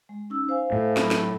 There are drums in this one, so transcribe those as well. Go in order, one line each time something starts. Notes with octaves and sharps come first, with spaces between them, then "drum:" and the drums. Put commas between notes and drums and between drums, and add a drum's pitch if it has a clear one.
G#3
C#4 D#4 E6
C5 F5 G#5
A2
F#3 B5, drum: snare
drum: snare